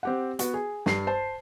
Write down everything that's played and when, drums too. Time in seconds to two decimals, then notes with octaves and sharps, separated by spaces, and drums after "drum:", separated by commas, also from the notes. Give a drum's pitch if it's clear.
0.03 C4 G4 F#5
0.39 B3 F#4 B4, drum: hi-hat
0.54 G#4
0.86 G2 C7, drum: snare
1.07 C5 A5